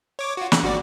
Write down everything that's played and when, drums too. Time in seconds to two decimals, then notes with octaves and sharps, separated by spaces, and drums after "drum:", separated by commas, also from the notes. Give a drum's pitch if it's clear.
0.19 C#5 D6
0.37 F4 F#4
0.52 F#6, drum: snare
0.63 G#1 F#4 D5